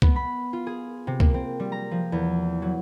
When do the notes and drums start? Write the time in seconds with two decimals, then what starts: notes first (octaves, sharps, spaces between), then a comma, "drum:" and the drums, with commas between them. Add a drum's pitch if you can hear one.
0.02 B3, drum: kick
0.16 B5
0.53 F4
0.67 G#4
1.07 C3
1.20 A#3, drum: kick
1.34 C4
1.60 G3
1.72 A#5
1.91 F3
2.12 E2
2.62 F#3